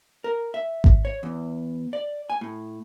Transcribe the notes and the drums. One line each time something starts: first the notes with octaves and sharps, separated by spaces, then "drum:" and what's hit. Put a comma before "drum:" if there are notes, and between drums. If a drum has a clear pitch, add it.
A#4
E5
drum: kick G#1
C#5
E2
D5
G#5
A2